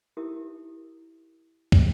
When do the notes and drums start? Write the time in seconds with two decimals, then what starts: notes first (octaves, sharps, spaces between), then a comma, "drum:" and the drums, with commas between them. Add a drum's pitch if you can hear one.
0.17 D#4 E4 G4 A#4 E5 D#6
1.72 drum: kick